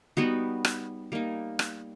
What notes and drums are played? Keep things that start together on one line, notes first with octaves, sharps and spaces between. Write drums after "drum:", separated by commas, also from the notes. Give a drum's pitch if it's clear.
G3 B3 D#4 F#4
drum: rim click
G3 A#3 D#4
drum: rim click